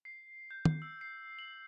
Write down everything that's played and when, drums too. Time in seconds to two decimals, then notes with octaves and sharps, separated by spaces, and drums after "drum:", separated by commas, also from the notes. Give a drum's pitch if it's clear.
0.05 C7
0.51 G6
0.65 drum: tom
0.82 E6
1.01 C7
1.39 F#7